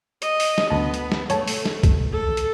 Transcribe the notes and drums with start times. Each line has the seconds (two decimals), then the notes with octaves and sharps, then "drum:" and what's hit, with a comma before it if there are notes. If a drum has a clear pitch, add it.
0.22 D#5, drum: hi-hat
0.40 drum: open hi-hat
0.58 drum: snare
0.70 D2 B3 A5
0.94 drum: hi-hat
1.12 drum: snare
1.30 A3 C#5 A5, drum: hi-hat
1.48 drum: open hi-hat
1.65 drum: snare
1.83 drum: kick B1, hi-hat
2.13 A4
2.37 drum: hi-hat